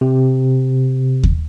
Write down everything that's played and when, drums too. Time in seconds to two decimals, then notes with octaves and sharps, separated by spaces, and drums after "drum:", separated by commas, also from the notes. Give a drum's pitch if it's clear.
0.01 C3
1.23 drum: kick D#2